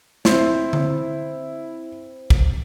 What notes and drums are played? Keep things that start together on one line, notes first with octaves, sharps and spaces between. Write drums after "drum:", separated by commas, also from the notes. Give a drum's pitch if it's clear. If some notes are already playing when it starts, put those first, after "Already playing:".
C4 E4 C5, drum: snare
drum: tom D3
drum: kick